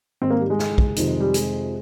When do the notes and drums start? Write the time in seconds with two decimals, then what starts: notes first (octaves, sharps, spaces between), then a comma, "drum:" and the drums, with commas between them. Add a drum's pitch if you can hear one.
0.22 G#2 D#3 C4
0.30 A#3
0.40 G3
0.50 G#3
0.59 drum: snare
0.78 drum: kick
0.96 F2 C3 D#3, drum: hi-hat
1.20 G3
1.34 G#3, drum: hi-hat